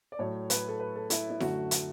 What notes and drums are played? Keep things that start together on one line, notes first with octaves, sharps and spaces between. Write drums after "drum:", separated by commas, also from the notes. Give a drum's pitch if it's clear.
D5
A2 F#3 A3 C#5
B4, drum: hi-hat
A4
B4
A4
E4, drum: hi-hat
E4
F#2 D3 A3 F#4, drum: snare E4
drum: hi-hat